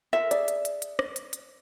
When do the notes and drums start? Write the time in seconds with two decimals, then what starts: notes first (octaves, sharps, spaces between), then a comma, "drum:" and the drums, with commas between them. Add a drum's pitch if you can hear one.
0.13 F4 A4 A#4 E5
0.31 G#4 D5, drum: hi-hat
0.48 drum: hi-hat
0.65 drum: hi-hat
0.82 drum: hi-hat
0.99 drum: rim click
1.16 drum: hi-hat
1.33 drum: hi-hat